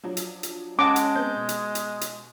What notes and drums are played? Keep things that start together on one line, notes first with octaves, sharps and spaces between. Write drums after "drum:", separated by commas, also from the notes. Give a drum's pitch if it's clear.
F3 F#3 D4
drum: hi-hat
drum: hi-hat
G#3 C#4 C#5 F#5 G5 A5 D6
drum: hi-hat
B3 C4 G6
B2
drum: hi-hat
drum: hi-hat
drum: hi-hat